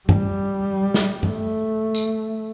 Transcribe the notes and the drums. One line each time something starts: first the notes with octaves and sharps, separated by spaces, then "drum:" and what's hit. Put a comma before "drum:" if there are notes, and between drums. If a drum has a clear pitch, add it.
G3, drum: tom G2
drum: snare
A3, drum: tom G2
drum: tambourine